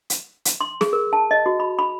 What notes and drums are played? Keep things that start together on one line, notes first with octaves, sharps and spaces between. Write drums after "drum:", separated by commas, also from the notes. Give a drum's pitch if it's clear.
drum: hi-hat
drum: hi-hat
C6
G#4, drum: snare
A#4
A5
D#5
F#4
B5
B5